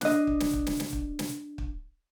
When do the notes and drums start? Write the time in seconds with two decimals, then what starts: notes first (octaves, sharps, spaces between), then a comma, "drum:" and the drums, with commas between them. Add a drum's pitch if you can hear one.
0.01 D4 D#5, drum: snare
0.27 drum: kick
0.40 drum: snare
0.53 drum: kick
0.67 drum: snare
0.80 drum: snare
0.93 drum: kick
1.19 drum: snare
1.58 drum: kick